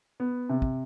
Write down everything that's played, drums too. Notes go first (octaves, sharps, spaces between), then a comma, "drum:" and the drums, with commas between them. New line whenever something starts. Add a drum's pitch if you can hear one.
B3
C3
drum: kick